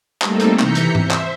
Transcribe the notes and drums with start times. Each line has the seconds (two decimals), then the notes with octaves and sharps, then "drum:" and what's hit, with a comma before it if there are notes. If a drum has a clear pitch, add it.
0.22 G3 A3 A#3 C4 D#4 A4, drum: clap
0.40 drum: hi-hat
0.59 C3 E3 A#5 G6 B6 C#7, drum: clap
0.75 drum: hi-hat
0.95 C5 E5, drum: tom G#2
1.11 drum: clap